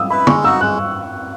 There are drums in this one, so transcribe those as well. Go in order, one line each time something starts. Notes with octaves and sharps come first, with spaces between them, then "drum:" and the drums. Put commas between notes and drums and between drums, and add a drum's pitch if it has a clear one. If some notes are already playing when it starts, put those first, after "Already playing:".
Already playing: D#6 E6
E4 B4 B5
G#3 C#6, drum: tom
D#4 F#4 E6
G#3 F#6